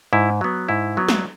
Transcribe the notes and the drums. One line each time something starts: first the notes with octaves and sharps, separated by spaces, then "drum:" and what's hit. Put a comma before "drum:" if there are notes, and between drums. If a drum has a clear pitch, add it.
G#2 E4
F#3 B3
G#2 E4
F#3 B3
drum: snare